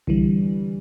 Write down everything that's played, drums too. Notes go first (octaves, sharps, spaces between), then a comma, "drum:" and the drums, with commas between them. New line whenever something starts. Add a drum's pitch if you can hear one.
D3 E3 G3, drum: kick B1